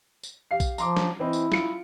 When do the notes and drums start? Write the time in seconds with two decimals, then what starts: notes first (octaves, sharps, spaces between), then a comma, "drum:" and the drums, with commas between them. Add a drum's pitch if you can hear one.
0.23 drum: tambourine
0.51 G4 F5 C7
0.60 drum: kick A#1, tambourine
0.78 F3 A#5 C6 D6, drum: tambourine
0.97 drum: snare
1.19 E3 C4 E4 D#5
1.33 drum: tambourine
1.52 F4 C#7 D7, drum: snare